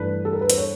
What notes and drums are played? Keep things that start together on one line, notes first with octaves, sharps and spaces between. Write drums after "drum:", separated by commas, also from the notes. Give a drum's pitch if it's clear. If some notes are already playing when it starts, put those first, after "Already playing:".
Already playing: G2 E3 A3 D4 B4
A4
A#4
B4
C5, drum: hi-hat
C#5